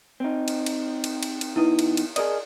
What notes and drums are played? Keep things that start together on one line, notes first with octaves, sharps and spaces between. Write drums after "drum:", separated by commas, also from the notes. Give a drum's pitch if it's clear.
C4 D#4
drum: cymbal
drum: cymbal
drum: cymbal
drum: cymbal
drum: cymbal
E2 D#4 E4 B4
drum: cymbal
drum: cymbal
G#4 A#4 D5 D#5, drum: cymbal